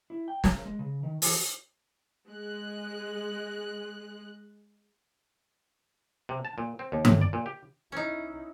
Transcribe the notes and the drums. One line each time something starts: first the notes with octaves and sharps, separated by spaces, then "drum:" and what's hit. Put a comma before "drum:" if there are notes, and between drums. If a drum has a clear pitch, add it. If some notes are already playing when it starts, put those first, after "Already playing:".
E4
G5
A#4, drum: snare
G#3
C#3
D#3
E3, drum: open hi-hat
G#3 F#6
C3
A5
A#2
C4
D#2
A2, drum: tom G2
D5
A#2
G4
C#4 D#4 E4